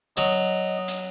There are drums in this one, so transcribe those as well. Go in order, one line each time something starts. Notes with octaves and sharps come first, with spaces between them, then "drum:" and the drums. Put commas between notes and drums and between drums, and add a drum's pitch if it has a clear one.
F#3 D#5, drum: hi-hat
drum: hi-hat